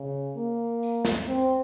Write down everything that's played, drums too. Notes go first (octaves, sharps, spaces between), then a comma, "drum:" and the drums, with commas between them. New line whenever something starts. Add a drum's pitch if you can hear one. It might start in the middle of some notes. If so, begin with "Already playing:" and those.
Already playing: C#3
A#3
drum: tambourine
drum: snare
C4